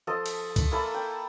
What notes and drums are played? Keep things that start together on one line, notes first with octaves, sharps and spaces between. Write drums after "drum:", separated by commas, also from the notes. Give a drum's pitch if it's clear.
F3 A4 D#5
drum: cymbal
drum: kick C#2, cymbal
A#3 E4 A4 A5
G5